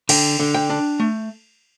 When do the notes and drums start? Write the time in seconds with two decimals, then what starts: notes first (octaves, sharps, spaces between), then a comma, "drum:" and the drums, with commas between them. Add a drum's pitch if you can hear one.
0.09 D3 G5, drum: cymbal
0.39 D3
0.54 G5
0.70 D4
1.00 A3